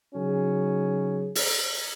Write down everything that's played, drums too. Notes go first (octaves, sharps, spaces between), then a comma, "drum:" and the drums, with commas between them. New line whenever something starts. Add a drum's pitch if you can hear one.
C#3 F#3 C#4 D#4 F#4 G#4
drum: open hi-hat